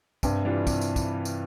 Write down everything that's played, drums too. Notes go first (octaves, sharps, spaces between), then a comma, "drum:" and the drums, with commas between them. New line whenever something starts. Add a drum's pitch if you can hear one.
G2 C3, drum: kick, tambourine
E3 G3 D4 F4
C3, drum: kick, tambourine
drum: tambourine
drum: kick, tambourine
drum: tambourine